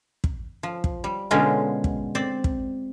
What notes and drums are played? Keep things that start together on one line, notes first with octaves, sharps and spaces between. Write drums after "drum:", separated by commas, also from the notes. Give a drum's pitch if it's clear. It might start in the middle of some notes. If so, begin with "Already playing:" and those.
drum: kick
F3
drum: kick
G3
B2 D3 G#3 C#4 F4 A#4
drum: kick
C4 C5 D5
drum: kick